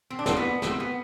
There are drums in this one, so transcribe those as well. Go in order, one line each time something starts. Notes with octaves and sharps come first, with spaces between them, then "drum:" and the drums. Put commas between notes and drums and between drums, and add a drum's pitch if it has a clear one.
C4
D4
C4, drum: snare
B3
C4, drum: snare
B3